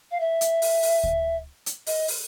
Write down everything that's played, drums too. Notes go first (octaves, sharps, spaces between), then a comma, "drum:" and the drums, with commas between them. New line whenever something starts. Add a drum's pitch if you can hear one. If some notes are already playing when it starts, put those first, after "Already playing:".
F5
E5
drum: hi-hat
drum: open hi-hat
drum: open hi-hat
drum: kick D2
drum: hi-hat
D#5, drum: open hi-hat
drum: open hi-hat